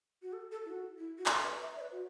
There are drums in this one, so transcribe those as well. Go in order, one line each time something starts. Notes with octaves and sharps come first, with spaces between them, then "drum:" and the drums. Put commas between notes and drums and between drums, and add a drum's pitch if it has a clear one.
F#4
A4
A4
E4
F#4
E4
F#4
A4, drum: clap
B4
E5
D5
B4
F#4